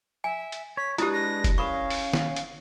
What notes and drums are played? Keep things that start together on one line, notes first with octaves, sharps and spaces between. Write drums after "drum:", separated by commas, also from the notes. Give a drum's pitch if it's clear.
E5 G#5
drum: hi-hat
C#5 B6
G#3 D4 E4 G4 B4 D#6, drum: hi-hat
A#6
drum: kick F1, hi-hat
C#4 A#4 F5 B5 C#6
drum: open hi-hat
drum: snare
drum: hi-hat